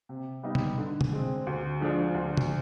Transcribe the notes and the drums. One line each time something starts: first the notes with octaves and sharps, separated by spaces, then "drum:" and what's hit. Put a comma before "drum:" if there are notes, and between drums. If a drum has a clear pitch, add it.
C3
G3 B3 D#4
drum: tom
D3
drum: tom
G#3 C4
D2
D3 F3 G#3 D4
D2
drum: tom